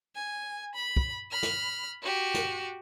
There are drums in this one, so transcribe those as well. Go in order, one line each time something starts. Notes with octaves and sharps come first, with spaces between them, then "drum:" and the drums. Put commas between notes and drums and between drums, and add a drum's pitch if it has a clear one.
G#5
B5
drum: kick
B5 F6
drum: snare
F#4 G4
drum: snare